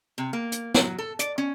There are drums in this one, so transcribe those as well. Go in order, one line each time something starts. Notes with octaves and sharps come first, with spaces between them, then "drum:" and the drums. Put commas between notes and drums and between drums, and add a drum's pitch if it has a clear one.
C3
A#3
drum: hi-hat
F#3, drum: snare
A4
D5, drum: hi-hat
C#4